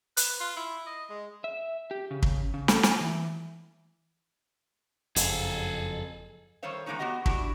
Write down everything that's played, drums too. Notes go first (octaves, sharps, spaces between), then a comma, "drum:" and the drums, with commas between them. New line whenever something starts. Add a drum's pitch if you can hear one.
B4, drum: hi-hat
F4
E4
D#5
G#3
E5
G4
C#3
drum: kick
C#3
A4, drum: snare
G#5, drum: snare
E3
F#1 F2 G#4 A4, drum: hi-hat
D#3 G3 A4 C5 C#5 F5
E2 D#3 G#3 A#3 D#4 C#5
B3 F#4 G4 D#5 F#5
D4 E4 F#4 G4, drum: kick